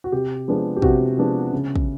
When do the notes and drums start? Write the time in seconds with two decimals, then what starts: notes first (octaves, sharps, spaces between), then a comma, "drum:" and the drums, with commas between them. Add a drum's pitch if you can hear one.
0.04 F#4
0.12 C3 G4
0.48 F3 G#3 B3 D4
0.76 G4
0.82 C3 F#4, drum: kick
1.18 F3 G#3 B3 D4
1.53 C#3
1.76 drum: kick